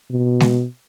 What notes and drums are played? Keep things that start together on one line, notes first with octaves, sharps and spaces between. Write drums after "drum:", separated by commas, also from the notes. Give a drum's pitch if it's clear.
B2
drum: snare G#3